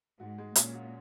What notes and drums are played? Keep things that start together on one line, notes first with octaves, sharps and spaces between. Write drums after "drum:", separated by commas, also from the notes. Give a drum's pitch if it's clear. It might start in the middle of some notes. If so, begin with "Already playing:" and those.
G#2 F#4
G#3
A#2 C#4, drum: hi-hat
F#4